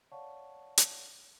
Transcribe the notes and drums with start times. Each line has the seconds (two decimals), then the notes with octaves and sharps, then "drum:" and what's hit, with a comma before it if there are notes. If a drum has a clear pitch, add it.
0.11 C#5 D5 F5 F#5 A5 C#6
0.78 drum: hi-hat